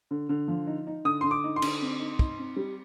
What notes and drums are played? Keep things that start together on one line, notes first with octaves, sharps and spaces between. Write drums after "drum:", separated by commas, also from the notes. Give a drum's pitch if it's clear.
D3
D3
F3
D#4
D#4
D3 D#6
D3 C6
D6
D#4
C6
D3, drum: cymbal
C4
D#4
D#4, drum: kick
C4
G3